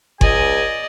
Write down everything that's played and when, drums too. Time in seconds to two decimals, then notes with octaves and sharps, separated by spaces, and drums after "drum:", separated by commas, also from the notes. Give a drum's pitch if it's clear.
0.21 C#2 D5 D#5 G#5, drum: kick G1